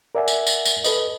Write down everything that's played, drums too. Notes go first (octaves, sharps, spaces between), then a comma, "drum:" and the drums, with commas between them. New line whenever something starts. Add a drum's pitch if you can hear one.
A#4 D5 E5 F#5 G#5
drum: tambourine
drum: tambourine
drum: tambourine
A4 B4 D#5, drum: tambourine